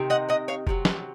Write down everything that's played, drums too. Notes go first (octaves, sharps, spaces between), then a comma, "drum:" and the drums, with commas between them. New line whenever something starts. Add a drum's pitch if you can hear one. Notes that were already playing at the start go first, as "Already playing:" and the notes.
Already playing: C3 D#3
D#5 F#5
D#5 F#5
C#5 F5
C3 D#3 F#3, drum: kick
drum: snare